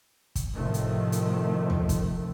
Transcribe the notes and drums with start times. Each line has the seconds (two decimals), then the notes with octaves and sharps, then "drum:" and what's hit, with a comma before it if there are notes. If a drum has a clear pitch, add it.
0.36 drum: kick, hi-hat
0.55 A2 C3 D#3 F3 A3
0.74 drum: hi-hat
1.12 drum: hi-hat
1.70 drum: tom
1.89 drum: kick, hi-hat